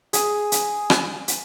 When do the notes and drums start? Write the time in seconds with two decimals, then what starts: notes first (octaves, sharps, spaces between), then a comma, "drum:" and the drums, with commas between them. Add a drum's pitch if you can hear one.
0.13 G#4, drum: hi-hat
0.52 drum: hi-hat
0.90 drum: rim click
1.28 drum: hi-hat